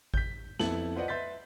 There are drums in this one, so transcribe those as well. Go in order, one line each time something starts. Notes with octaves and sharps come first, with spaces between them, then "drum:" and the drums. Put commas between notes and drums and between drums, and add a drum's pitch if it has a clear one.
G6 B6, drum: kick G#1
F2 B3 E4 A4 A5 F#7, drum: snare
F4 B4 C5 D5 D#5 F#5
B4 E5 C6 G6 A6 B6